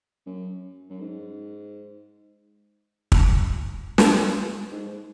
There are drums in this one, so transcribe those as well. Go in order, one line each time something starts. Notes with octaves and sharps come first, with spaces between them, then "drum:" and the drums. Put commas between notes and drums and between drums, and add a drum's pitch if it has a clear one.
F#2
F#2
G#2
drum: kick
A#2, drum: snare
G#2